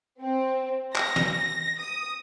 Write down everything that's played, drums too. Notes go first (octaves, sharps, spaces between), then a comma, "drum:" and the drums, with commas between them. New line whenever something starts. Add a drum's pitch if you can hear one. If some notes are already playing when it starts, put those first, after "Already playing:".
C4
A#6, drum: clap
drum: snare
D#6